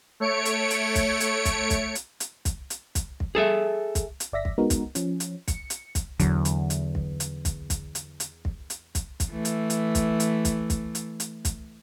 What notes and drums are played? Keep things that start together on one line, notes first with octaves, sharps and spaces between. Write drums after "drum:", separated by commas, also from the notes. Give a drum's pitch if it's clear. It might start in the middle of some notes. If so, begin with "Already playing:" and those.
A3 C#5 C#7 D7
drum: hi-hat
drum: hi-hat
drum: kick, hi-hat
drum: hi-hat
drum: kick, hi-hat
drum: kick, hi-hat
drum: hi-hat
drum: hi-hat
drum: kick, hi-hat
drum: hi-hat
drum: kick, hi-hat
drum: kick
G#4 A4 E5
drum: kick, hi-hat
drum: hi-hat
G1 D5 E5 A#6 B6
drum: kick
G#3 B3 D#4 F#4 A#4
drum: kick, hi-hat
F3 C#4, drum: hi-hat
drum: hi-hat
C#7, drum: kick, hi-hat
drum: hi-hat
drum: kick, hi-hat
E2 D3 F#3, drum: kick, hi-hat
drum: hi-hat
drum: hi-hat
drum: kick
drum: hi-hat
drum: kick, hi-hat
drum: kick, hi-hat
drum: hi-hat
drum: hi-hat
drum: kick
drum: hi-hat
drum: kick, hi-hat
drum: kick, hi-hat
E3 A3
drum: hi-hat
drum: hi-hat
drum: kick, hi-hat
drum: hi-hat
drum: kick, hi-hat
drum: kick, hi-hat
drum: hi-hat
drum: hi-hat
drum: kick, hi-hat